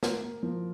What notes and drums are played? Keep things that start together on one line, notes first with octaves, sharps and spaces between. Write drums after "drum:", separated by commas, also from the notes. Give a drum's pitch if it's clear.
A#3 A#4, drum: snare
A#3
F3